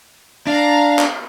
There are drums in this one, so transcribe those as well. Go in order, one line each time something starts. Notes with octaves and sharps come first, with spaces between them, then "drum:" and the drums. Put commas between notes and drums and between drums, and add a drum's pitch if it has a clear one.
D4 F5 A#5
drum: clap